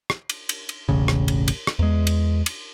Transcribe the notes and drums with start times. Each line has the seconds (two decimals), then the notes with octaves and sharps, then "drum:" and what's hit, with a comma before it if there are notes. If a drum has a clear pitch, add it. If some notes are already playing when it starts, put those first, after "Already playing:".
0.10 drum: rim click
0.29 drum: cymbal
0.49 drum: cymbal
0.69 drum: cymbal
0.89 E1 A1 C#3
1.08 drum: rim click
1.28 drum: cymbal
1.48 drum: cymbal
1.67 drum: rim click
1.79 E2 G#3
2.07 drum: cymbal
2.46 drum: cymbal